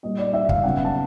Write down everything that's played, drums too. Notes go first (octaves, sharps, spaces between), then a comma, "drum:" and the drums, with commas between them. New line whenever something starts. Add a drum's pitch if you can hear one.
A#2 G3 A#3 D#5
D5
E5
F5, drum: kick
C#3 F#3 B3 F#5
A5